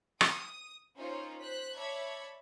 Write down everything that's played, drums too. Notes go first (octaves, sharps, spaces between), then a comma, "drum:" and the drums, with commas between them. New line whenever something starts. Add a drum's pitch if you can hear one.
D#6, drum: rim click
C#4 D#4 F4 A#4 C5 C#5
C5 F#6 B6
C#5 D5 E5 A5 B5 G#6